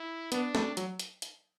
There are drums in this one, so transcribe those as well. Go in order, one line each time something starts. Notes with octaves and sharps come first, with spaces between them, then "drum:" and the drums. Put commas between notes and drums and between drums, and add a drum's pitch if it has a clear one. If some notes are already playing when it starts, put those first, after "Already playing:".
Already playing: E4
B3 D4, drum: hi-hat
A3, drum: snare
F#3, drum: hi-hat
drum: hi-hat
drum: hi-hat